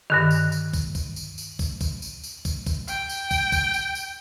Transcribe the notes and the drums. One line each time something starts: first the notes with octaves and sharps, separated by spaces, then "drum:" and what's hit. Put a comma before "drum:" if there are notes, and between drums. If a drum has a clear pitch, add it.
G2 D3 D#3
drum: tambourine
drum: tambourine
drum: kick, tambourine
drum: kick, tambourine
drum: tambourine
drum: tambourine
drum: kick, tambourine
drum: kick, tambourine
drum: tambourine
drum: tambourine
drum: kick, tambourine
drum: kick, tambourine
G5, drum: tambourine
drum: tambourine
drum: kick, tambourine
drum: kick, tambourine
drum: tambourine
drum: tambourine